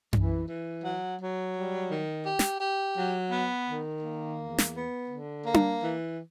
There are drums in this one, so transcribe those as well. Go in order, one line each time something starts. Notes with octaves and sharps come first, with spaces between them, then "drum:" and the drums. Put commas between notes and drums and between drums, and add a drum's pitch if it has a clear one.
E3, drum: tom F#2
E3
F#3
F#3
G3
D#3
G4
drum: snare
G4
F#3
B3
D#3
A#3
E2
drum: snare
B3
D3
A#3
drum: tom D4
E3